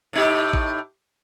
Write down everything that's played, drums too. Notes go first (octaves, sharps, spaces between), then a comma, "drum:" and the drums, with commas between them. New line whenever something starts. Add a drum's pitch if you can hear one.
A2 D#4 G4
drum: kick A1